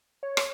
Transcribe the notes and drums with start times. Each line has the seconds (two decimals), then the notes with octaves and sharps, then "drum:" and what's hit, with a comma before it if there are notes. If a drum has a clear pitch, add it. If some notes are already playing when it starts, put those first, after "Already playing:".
0.23 C#5
0.37 drum: rim click